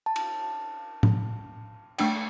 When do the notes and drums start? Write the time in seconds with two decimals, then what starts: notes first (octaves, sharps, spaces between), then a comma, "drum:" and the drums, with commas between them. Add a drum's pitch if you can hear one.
0.06 A5
0.16 drum: cymbal
1.03 drum: tom A2
1.98 A3 D4 G5, drum: cymbal